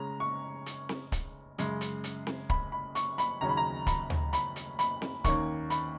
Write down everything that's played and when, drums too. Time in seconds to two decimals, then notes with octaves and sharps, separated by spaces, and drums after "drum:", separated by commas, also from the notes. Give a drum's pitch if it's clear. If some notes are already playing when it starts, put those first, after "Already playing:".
Already playing: C#3 G#3 C#4 A#5
0.20 C#6
0.66 drum: hi-hat
0.89 drum: snare C4
1.12 drum: kick, hi-hat
1.58 F#2 C#3 G#3, drum: hi-hat
1.81 drum: hi-hat
2.04 drum: hi-hat
2.27 drum: snare C4
2.50 B5, drum: kick
2.72 B5
2.95 C#6, drum: hi-hat
3.18 B5, drum: hi-hat
3.41 D#2 C#3 F#3 C#4 A#5
3.49 B5
3.57 A#5
3.87 B5, drum: kick, hi-hat
4.10 drum: tom
4.33 B5, drum: hi-hat
4.56 drum: hi-hat
4.79 B5, drum: hi-hat
5.02 drum: snare C4
5.24 D#2 D#3 A#3 C#4 C#6, drum: kick, hi-hat
5.70 B5, drum: hi-hat